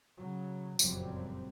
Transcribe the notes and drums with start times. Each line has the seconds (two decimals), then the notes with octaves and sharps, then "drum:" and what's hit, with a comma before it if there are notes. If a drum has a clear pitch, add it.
0.19 C#3 F#3
0.79 F#1 F2 A#2 F#3 G3 C4, drum: tambourine